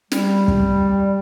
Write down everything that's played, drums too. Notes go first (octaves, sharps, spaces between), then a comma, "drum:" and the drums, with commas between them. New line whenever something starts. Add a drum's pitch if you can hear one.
G3, drum: snare
drum: kick